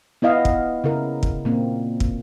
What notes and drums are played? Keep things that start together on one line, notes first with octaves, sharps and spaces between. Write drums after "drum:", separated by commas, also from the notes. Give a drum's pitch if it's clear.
B3 E4 D#5 F5
drum: kick
C#3 E4 A#4
drum: kick
A#2 A#3 C4
drum: kick